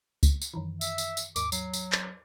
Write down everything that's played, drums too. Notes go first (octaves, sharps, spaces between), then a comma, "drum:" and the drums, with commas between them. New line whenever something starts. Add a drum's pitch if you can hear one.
drum: kick C#2, tambourine
drum: tambourine
F#2 D#3 E3
E5, drum: tambourine
drum: tambourine
drum: tambourine
D#2 G#2 D6, drum: tambourine
F#3 C7, drum: tambourine
drum: tambourine
drum: clap